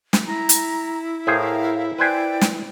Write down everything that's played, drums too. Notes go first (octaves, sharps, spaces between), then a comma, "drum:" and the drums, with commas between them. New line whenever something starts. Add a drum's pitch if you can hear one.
drum: snare
E4 A#5
drum: hi-hat
A2 G#4 A#4 C5 F5
B4 C5 D5 G5 G#5
drum: snare